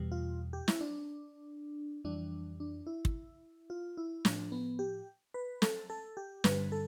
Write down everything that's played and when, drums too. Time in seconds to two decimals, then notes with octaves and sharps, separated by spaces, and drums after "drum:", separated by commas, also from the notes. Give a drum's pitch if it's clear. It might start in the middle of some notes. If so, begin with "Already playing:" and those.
Already playing: E2 B2 G3
0.12 F4
0.53 G4
0.68 E4, drum: snare
0.81 D4
2.04 F2 E3 G3 D4
2.60 D4
2.87 E4
3.05 drum: kick
3.70 F4
3.97 E4
4.25 A2 F3 D4, drum: snare
4.52 B3
4.79 G4
5.34 B4
5.62 A4, drum: snare
5.90 A4
6.17 G4
6.44 G2 D3 G3 B4, drum: snare
6.72 A4